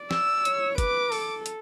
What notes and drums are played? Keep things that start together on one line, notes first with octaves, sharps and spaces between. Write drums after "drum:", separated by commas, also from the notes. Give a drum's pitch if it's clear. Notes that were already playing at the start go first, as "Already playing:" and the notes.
Already playing: D5
E6, drum: snare
C#5, drum: hi-hat
B4 D6, drum: kick, hi-hat
A4, drum: open hi-hat
drum: hi-hat